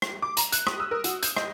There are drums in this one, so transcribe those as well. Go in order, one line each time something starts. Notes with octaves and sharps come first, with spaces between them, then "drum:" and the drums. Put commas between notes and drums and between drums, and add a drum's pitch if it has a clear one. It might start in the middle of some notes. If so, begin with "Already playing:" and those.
drum: rim click
D6
A#5, drum: hi-hat
F#6, drum: hi-hat
D#6, drum: rim click
E6
A#4
F#4, drum: hi-hat
G6, drum: hi-hat
D#5, drum: rim click